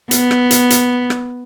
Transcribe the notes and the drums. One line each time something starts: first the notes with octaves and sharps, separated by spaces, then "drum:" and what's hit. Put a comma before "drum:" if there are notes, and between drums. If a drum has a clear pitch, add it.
B3, drum: hi-hat
drum: rim click
drum: hi-hat
drum: hi-hat
drum: rim click